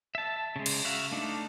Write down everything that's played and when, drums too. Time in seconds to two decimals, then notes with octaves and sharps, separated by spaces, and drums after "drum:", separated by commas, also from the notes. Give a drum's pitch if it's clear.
0.15 E5 A5
0.56 C#3 G#3
0.66 drum: cymbal
0.85 F#4 E5 F5
1.12 A3 D4 D#4